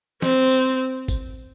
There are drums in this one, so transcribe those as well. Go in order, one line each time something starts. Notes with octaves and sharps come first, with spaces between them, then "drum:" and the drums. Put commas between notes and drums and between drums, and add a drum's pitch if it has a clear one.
C4, drum: snare
drum: tambourine
drum: kick, tambourine